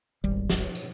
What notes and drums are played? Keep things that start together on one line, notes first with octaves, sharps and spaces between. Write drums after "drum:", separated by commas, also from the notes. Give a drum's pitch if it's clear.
D#1 G#1 G3
drum: snare
drum: tambourine